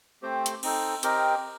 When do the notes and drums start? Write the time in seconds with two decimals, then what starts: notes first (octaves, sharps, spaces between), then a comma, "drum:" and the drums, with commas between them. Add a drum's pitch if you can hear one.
0.22 A3 C4 G4 C5
0.46 drum: hi-hat
0.63 C4 D#4 A4, drum: cymbal
1.03 C4 G4 A#4 D#5, drum: hi-hat